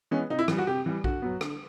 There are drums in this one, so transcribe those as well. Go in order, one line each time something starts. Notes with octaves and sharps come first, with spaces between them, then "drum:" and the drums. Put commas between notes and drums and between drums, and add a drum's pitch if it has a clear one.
E3 G#3 B3 C#4
C3 D#4
E4
E3 G3, drum: rim click
F#4
C3 G4
E3 G3
D3 F#4, drum: kick A#1
F#3 B3
D3, drum: rim click